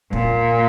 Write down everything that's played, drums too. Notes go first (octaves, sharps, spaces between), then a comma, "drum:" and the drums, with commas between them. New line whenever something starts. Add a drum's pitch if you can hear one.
A#2, drum: kick